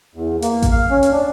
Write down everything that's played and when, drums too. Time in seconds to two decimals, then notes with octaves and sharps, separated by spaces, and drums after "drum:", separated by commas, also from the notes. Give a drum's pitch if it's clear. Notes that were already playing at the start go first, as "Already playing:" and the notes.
0.15 E2
0.42 A#3, drum: hi-hat
0.62 drum: kick A1, hi-hat
0.72 F5
0.91 C#4
1.03 drum: hi-hat
1.12 D4